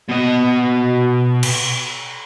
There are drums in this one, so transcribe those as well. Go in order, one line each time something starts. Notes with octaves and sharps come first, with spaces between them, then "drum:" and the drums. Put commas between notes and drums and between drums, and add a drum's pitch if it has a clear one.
B2 D#5
drum: cymbal